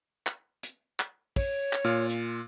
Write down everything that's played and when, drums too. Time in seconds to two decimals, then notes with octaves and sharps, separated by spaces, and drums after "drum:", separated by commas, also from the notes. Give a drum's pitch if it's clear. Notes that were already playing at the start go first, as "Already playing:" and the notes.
0.27 drum: clap
0.63 drum: hi-hat
1.00 drum: clap
1.36 C#5, drum: kick, open hi-hat
1.73 drum: clap
1.84 A#2 F4 F6
2.10 drum: hi-hat